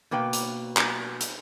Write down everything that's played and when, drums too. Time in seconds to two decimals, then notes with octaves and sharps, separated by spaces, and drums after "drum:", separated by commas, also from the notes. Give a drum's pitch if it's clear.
0.11 B2 A#3 B4 G5
0.33 drum: hi-hat
0.77 drum: clap
1.21 drum: hi-hat